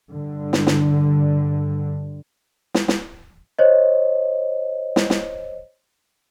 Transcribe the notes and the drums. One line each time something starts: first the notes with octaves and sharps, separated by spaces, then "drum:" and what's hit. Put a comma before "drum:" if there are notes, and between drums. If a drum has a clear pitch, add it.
G2 D3
drum: snare
drum: snare
drum: snare
drum: snare
C5 C#5 D#5
drum: snare
drum: snare